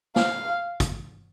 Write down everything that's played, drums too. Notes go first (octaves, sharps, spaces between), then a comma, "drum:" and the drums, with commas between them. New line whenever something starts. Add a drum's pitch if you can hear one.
F5, drum: snare
drum: kick, hi-hat